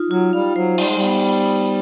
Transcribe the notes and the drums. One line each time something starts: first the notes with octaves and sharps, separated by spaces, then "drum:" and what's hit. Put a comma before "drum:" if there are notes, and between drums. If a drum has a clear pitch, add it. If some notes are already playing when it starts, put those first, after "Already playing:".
Already playing: D#4 F4
F#3 F4
G3 F5
F#3 C5
G3 D#4, drum: open hi-hat
G#3
G3
B3
B3
D#4